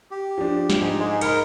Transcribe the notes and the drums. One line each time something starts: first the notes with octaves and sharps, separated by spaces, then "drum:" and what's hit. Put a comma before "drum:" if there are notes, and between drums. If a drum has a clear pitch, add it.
G4
F3 D4
drum: snare
G#2
G#3
D#4 A#4 B5 C#7, drum: cymbal